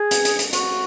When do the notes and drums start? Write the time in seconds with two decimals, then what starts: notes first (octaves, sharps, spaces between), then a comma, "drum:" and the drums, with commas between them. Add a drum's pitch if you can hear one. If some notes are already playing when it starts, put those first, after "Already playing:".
Already playing: G#4
0.11 drum: hi-hat
0.25 drum: hi-hat
0.39 drum: hi-hat
0.53 F#4, drum: hi-hat